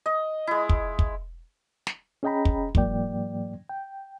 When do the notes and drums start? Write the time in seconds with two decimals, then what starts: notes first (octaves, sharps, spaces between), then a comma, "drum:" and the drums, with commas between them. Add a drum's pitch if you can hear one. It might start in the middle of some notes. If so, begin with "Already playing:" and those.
0.06 D#5
0.47 G#3 E4
0.69 drum: kick
0.99 drum: kick
1.87 drum: snare
2.23 C#4 G#4 D#5 G5 A#5 B5
2.45 drum: kick
2.75 G#2 E3 F#3 A#3 D5 G5, drum: kick
3.70 G5